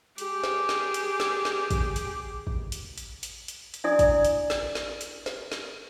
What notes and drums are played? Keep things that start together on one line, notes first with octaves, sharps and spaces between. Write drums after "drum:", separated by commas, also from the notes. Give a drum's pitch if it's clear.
G4 G#4, drum: hi-hat
drum: snare
drum: snare
drum: hi-hat
drum: snare
drum: snare
drum: kick, hi-hat
drum: hi-hat
drum: kick
drum: hi-hat
drum: hi-hat
drum: hi-hat
drum: hi-hat
drum: hi-hat
D4 E4 D5 G#5 D#6
drum: kick, hi-hat
drum: hi-hat
drum: snare
drum: snare
drum: hi-hat
drum: snare
drum: snare